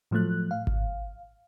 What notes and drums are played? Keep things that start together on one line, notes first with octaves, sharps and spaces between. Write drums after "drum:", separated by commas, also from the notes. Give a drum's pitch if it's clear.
A2 F3 F#3 A3 F#6
F5
drum: kick G#1